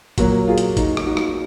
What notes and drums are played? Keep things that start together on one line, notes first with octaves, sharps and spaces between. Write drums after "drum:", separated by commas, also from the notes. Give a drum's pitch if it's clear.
A#2 F#3 A#3 F#4 A#4, drum: kick G#1, hi-hat
F4 G#4
drum: hi-hat
D#4, drum: kick G#1, hi-hat
drum: rim click
D#4 F#4
drum: rim click